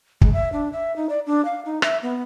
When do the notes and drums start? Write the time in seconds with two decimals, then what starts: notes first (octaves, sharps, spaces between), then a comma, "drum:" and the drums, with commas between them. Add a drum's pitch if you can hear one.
0.21 G#3, drum: kick
0.33 E5
0.53 D4
0.73 E5
0.96 D#4
1.09 D5
1.27 D4
1.45 F5
1.65 D#4
1.82 E5, drum: rim click
2.03 B3